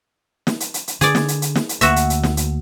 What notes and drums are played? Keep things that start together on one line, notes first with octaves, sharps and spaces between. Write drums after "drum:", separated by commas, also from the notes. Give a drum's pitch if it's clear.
drum: snare
drum: hi-hat
drum: hi-hat
drum: hi-hat
D3 G#4 D5, drum: hi-hat
drum: snare
drum: hi-hat
drum: hi-hat
drum: snare
drum: hi-hat
D2 A#3 F#4 E5, drum: hi-hat
drum: hi-hat
drum: hi-hat
drum: snare
drum: hi-hat